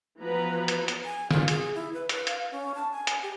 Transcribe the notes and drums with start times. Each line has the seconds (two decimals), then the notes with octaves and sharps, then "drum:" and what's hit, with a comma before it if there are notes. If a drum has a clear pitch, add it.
0.20 E3 F3 B3 F#4 B4 A#5
0.68 drum: hi-hat
0.88 drum: hi-hat
1.05 G#5
1.31 F4, drum: snare
1.48 G#4, drum: hi-hat
1.75 E4
1.93 B4
2.09 B4, drum: hi-hat
2.27 F5, drum: hi-hat
2.51 C#4
2.75 A5
2.91 G#5
3.07 drum: hi-hat
3.22 G4